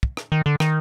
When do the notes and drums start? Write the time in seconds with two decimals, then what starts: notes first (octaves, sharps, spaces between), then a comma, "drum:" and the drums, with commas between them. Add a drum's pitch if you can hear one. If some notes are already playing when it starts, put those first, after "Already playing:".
0.03 drum: kick
0.17 drum: rim click
0.32 D#3
0.46 D3
0.60 D#3, drum: rim click